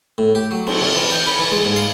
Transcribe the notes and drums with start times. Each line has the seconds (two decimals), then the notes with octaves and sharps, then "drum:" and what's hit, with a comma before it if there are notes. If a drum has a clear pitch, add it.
0.18 A2
0.35 G4
0.51 F#3
0.67 C4, drum: cymbal
0.81 C3
0.95 E3
1.11 G5
1.26 B5
1.39 E3
1.52 G#3
1.65 G#2
1.76 F5